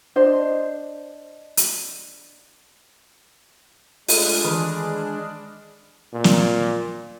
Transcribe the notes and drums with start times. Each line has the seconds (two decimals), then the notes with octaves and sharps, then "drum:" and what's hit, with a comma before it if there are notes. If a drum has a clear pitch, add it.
0.16 D4 C5 D#5
1.57 drum: hi-hat
4.08 G#3 A3 D4 F4 G#4 A4, drum: open hi-hat
4.45 D#3 E3 B5 D#6 F6
6.13 A#2
6.24 drum: snare